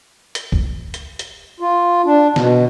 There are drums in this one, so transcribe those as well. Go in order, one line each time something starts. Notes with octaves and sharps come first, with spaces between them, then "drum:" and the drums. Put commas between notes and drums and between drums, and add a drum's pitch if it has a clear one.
drum: hi-hat
drum: kick C2
drum: hi-hat
drum: hi-hat
F4
D4
B2, drum: snare